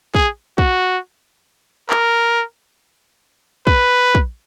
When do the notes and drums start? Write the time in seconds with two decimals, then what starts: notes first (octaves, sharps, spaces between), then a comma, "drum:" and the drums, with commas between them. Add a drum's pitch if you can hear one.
0.15 G#4, drum: kick
0.58 F#4, drum: kick
1.90 A#4, drum: clap
3.67 B4, drum: kick
4.15 drum: kick